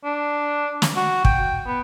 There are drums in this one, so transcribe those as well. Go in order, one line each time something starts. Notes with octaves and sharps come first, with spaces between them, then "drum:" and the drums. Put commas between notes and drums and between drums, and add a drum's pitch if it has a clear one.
D4
drum: snare
F#4
G5, drum: kick
B3